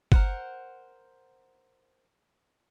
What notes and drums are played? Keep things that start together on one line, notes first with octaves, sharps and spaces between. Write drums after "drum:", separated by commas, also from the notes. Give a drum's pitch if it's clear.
A#4 C5 F#5, drum: kick G1